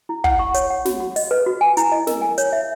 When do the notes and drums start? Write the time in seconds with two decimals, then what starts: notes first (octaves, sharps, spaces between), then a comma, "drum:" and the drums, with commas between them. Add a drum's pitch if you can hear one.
0.09 E4
0.24 F#5, drum: kick
0.39 C#6
0.55 C#5, drum: hi-hat
0.70 F#5
0.85 F#4, drum: snare
1.00 F#4
1.16 D#5, drum: open hi-hat
1.31 B4
1.46 F#4
1.61 G#5
1.77 E4, drum: hi-hat
1.92 D#5
2.07 A#4, drum: snare
2.22 G#5
2.38 C#5, drum: hi-hat
2.53 E5